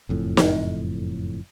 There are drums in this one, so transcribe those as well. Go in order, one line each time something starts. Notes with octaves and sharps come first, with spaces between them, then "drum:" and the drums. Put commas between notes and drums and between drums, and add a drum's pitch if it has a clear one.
F#1 F2 A2
drum: snare